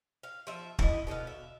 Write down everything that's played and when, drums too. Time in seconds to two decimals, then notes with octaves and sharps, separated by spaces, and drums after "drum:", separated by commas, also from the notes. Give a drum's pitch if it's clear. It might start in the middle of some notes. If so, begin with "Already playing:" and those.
0.23 F5
0.47 F3 E5
0.79 E4 D#5, drum: kick
1.07 B2 D3 D#5 F5
1.27 E5